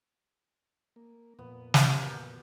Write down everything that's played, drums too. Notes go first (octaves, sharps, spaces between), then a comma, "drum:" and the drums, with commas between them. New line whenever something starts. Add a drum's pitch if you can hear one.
A#3
F2 A#2 B3
drum: snare
A#3 G4
B3 F#4